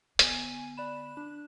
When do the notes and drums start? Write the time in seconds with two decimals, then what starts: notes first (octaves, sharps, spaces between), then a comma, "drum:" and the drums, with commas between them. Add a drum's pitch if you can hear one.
0.19 D3 B3 G#5, drum: hi-hat
0.77 D5 B5 F#6 E7
1.17 D4